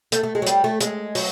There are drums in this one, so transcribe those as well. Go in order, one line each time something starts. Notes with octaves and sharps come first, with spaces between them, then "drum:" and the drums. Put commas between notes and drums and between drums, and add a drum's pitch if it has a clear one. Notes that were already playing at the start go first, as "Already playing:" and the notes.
A3, drum: hi-hat
A3
G#3
F#3
G3, drum: hi-hat
A3
G#3, drum: hi-hat
F#3, drum: open hi-hat